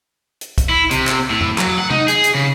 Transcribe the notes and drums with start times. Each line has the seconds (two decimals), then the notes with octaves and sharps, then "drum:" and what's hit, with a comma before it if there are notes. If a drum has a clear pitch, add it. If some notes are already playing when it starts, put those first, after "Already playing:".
0.41 drum: hi-hat
0.58 drum: kick, hi-hat
0.69 E4
0.91 C3, drum: hi-hat
1.07 drum: clap
1.30 A2
1.41 drum: tom E2
1.58 F#3, drum: clap
1.78 F#5
1.91 D#4, drum: tom
2.08 G#4, drum: hi-hat
2.24 drum: hi-hat
2.35 C#3